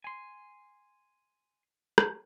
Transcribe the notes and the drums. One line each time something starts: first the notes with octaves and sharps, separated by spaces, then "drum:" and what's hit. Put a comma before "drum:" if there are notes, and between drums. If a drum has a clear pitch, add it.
G#5 C6
drum: rim click